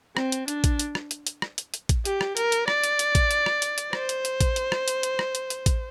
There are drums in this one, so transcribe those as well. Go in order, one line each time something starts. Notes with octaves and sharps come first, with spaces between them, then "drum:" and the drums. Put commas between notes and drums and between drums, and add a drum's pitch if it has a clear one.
C4, drum: rim click
drum: hi-hat
D4, drum: hi-hat
drum: kick A1, hi-hat
drum: hi-hat
drum: rim click
drum: hi-hat
drum: hi-hat
drum: rim click
drum: hi-hat
drum: hi-hat
drum: kick A1, hi-hat
G4, drum: hi-hat
drum: rim click
A#4, drum: hi-hat
drum: hi-hat
D5, drum: rim click
drum: hi-hat
drum: hi-hat
drum: kick A1, hi-hat
drum: hi-hat
drum: rim click
drum: hi-hat
drum: hi-hat
C5, drum: rim click
drum: hi-hat
drum: hi-hat
drum: kick A1, hi-hat
drum: hi-hat
drum: rim click
drum: hi-hat
drum: hi-hat
drum: rim click
drum: hi-hat
drum: hi-hat
drum: kick A1, hi-hat